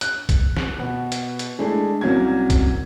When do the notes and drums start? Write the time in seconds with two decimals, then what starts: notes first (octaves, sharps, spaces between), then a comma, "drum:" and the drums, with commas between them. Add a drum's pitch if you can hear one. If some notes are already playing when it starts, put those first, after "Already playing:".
0.01 F#6, drum: hi-hat
0.29 drum: kick, hi-hat
0.57 drum: snare
0.78 B2 B3
1.12 drum: hi-hat
1.39 drum: hi-hat
1.59 G#3 A3 D4 E4
2.01 C2 C3 F#3 A#3 C#4 G#6
2.50 drum: kick, hi-hat